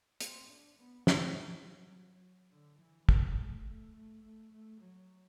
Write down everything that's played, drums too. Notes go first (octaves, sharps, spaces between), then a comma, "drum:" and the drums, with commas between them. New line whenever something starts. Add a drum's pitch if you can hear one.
C4, drum: hi-hat
D4
B3
A3, drum: snare
G3
F#3
D3
E3
G3, drum: kick
A3
A3
A3
A3
A3
F#3